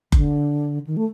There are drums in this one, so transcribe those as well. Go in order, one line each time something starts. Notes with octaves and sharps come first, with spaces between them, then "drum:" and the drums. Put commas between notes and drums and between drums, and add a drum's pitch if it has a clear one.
D3, drum: kick F#1
D#3
A3